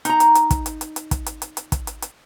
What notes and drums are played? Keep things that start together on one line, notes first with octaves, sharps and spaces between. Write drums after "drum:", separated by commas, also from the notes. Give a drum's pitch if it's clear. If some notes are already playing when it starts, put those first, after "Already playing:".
D#4 A#5, drum: hi-hat
drum: hi-hat
drum: hi-hat
drum: kick, hi-hat
drum: hi-hat
drum: hi-hat
drum: hi-hat
drum: kick, hi-hat
drum: hi-hat
drum: hi-hat
drum: hi-hat
drum: kick, hi-hat
drum: hi-hat
drum: hi-hat